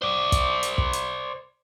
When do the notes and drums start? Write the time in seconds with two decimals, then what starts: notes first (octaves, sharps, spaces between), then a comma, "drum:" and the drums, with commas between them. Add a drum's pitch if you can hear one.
0.02 C5 D5
0.32 drum: kick, hi-hat
0.63 drum: hi-hat
0.78 drum: kick
0.93 drum: hi-hat